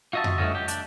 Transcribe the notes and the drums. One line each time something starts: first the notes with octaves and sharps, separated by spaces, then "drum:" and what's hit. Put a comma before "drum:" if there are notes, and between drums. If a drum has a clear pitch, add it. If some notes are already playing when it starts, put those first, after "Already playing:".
F4 F#4 D#5 E5 A5
drum: tom F2
G2 E3 A3 C#4 F#4 D#5
G4
D4, drum: hi-hat